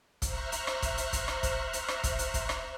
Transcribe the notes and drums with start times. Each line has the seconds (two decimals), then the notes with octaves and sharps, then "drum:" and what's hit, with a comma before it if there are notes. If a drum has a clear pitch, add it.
0.22 C5 E5 A#5 C#6 F6 F#6, drum: kick, hi-hat
0.52 drum: hi-hat
0.67 drum: rim click
0.82 drum: kick, hi-hat
0.98 drum: hi-hat
1.13 drum: kick, hi-hat
1.28 drum: rim click
1.43 drum: kick, hi-hat
1.73 drum: hi-hat
1.88 drum: rim click
2.04 drum: kick, hi-hat
2.19 drum: hi-hat
2.34 drum: kick, hi-hat
2.49 drum: rim click